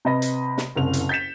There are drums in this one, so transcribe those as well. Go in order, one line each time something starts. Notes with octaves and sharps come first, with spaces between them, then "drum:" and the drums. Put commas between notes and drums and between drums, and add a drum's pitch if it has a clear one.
C3 B4 D#5 B5 A#6
drum: hi-hat
drum: snare
F#1 C2 F7
drum: hi-hat
G6 A6 B6 C#7 E7